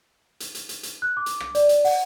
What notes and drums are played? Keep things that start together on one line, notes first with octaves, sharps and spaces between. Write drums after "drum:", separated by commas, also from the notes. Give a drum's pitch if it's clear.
drum: hi-hat
drum: hi-hat
drum: hi-hat
drum: hi-hat
F#6
D6
drum: hi-hat
drum: rim click
D5, drum: hi-hat
drum: hi-hat
F#5, drum: open hi-hat